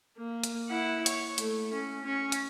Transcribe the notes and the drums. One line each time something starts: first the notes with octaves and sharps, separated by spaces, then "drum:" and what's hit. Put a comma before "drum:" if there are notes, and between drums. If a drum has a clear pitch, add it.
A#3
drum: hi-hat
E4 F#5
C#5, drum: hi-hat
A3, drum: hi-hat
C#4
C#4 C#6
drum: hi-hat